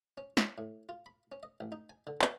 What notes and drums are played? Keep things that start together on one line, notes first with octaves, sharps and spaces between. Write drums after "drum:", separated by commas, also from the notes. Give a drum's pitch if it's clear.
C#4
C#4, drum: snare
A2
F4
B5
C#4
D#5
A1
D#4
G#5
D3
B3, drum: clap